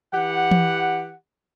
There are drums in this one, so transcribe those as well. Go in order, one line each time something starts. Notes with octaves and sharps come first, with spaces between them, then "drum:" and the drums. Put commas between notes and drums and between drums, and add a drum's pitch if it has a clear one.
E3 G4 F#5
drum: tom E3